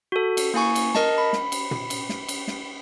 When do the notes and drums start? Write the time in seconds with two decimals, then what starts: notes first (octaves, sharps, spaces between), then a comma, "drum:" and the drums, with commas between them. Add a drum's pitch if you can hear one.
0.12 F#4 A4
0.37 drum: cymbal
0.54 A#3 E4 G#5 C#6
0.75 drum: cymbal
0.95 A#4 D#5 A5, drum: snare
1.18 B5
1.33 drum: snare
1.52 drum: cymbal
1.71 drum: tom
1.90 drum: cymbal
2.09 drum: snare
2.28 drum: cymbal
2.48 drum: snare